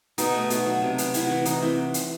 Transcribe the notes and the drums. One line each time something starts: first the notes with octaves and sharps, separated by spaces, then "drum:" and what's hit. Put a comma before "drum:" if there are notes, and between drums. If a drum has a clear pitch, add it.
B2 D#4, drum: hi-hat
A3
B2, drum: hi-hat
F#3
C3
B3, drum: hi-hat
C3 E4, drum: hi-hat
F#4
E3
E3 D#4, drum: hi-hat
E3 C4
drum: hi-hat